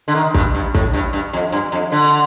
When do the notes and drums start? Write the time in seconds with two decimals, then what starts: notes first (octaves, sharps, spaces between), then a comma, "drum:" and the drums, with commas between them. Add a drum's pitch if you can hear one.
0.08 D3
0.15 D#3
0.34 G2, drum: kick A1
0.55 G2
0.75 A2, drum: kick A1
0.94 G2
1.13 G2
1.33 F2
1.52 G2
1.72 F2
1.92 D3